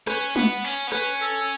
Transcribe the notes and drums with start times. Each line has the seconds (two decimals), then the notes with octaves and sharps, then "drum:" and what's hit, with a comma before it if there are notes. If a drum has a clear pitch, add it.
0.07 C#4 B4, drum: rim click
0.36 B3 B4, drum: tom
0.64 C#4, drum: cymbal
0.87 B3
0.92 C#4 B4, drum: rim click
1.21 A4, drum: cymbal